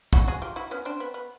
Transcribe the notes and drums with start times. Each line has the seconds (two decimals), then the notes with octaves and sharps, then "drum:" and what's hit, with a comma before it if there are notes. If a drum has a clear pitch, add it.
0.13 E4 F#4, drum: kick
0.28 F#4 G#4
0.42 F4 G4
0.56 E4 F#4
0.71 B3 C#4
0.85 C4 D4
1.00 B3
1.14 B3